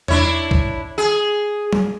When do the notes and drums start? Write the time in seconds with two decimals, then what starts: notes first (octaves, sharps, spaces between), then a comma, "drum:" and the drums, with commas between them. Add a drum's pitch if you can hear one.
0.08 D4 E4 C#5, drum: tom E2
0.51 drum: kick B1
0.98 G#4
1.73 drum: tom F#3